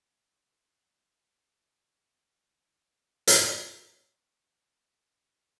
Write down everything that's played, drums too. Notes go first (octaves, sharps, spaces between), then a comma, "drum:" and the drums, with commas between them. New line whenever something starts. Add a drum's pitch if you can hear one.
D#5 F5 G5 A#5 C6 C#6
D#3 E3 A#3
drum: hi-hat
C#5 D5 B5 C6